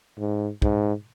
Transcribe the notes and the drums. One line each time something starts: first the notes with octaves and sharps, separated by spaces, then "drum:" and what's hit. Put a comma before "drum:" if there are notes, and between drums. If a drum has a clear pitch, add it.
G#2
G#2, drum: kick